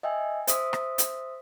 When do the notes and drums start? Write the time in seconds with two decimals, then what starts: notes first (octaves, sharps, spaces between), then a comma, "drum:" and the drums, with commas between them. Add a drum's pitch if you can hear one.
0.03 D#5 E5 G5 G#5
0.47 C5 E5 D#6 B6, drum: hi-hat
0.73 drum: rim click
0.98 drum: hi-hat